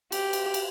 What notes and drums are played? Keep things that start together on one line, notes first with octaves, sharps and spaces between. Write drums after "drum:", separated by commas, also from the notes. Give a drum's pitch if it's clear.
G4, drum: cymbal
drum: cymbal
drum: cymbal